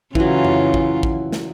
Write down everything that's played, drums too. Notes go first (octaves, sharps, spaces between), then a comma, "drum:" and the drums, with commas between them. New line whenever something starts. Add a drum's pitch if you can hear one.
C#3 E3 F#3 F4, drum: kick
drum: tom F2
drum: kick
drum: kick
drum: snare